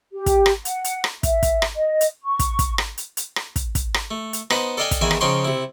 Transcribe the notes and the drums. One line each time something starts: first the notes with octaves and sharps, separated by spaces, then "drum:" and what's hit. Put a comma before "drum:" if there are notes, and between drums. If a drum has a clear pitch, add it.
G4
drum: kick, hi-hat
drum: rim click
F#5, drum: hi-hat
drum: hi-hat
drum: rim click
E5, drum: kick, hi-hat
drum: kick, hi-hat
drum: rim click
D#5
drum: hi-hat
C#6
drum: kick, hi-hat
drum: kick, hi-hat
drum: rim click
drum: hi-hat
drum: hi-hat
drum: rim click
drum: kick, hi-hat
drum: kick, hi-hat
drum: rim click
A3
drum: hi-hat
B3 D#4 B4 C5, drum: rim click
A4 D5 D#5 F5 G5 G#5
drum: kick, hi-hat
E2 D#3 E3 E5 G#5
drum: rim click
C#3 F3 D#4 G5 C6 C#6
C3 E4